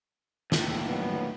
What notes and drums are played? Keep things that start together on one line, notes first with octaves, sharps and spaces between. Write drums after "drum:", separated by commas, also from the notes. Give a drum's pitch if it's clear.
D#2 A2, drum: snare
F#3 G3 B3